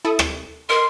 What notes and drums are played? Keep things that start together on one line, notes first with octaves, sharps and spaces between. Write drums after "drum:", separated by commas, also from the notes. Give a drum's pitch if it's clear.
E4 A4 D#6
drum: rim click
A#4 D#5 C6